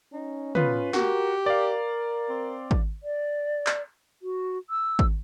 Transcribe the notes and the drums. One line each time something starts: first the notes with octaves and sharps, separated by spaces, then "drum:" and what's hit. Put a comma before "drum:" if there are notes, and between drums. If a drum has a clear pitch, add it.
C#4 D#4
B3 F4 B4, drum: tom
F#4 G4 A#4, drum: snare
A#4 D5 F5
C4
drum: kick G#1
D5
drum: clap
F#4
E6
drum: kick G#1